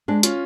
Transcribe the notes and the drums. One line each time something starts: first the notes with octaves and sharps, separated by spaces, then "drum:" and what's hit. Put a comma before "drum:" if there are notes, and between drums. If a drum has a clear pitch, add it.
G#3 D4
C#4 F4, drum: hi-hat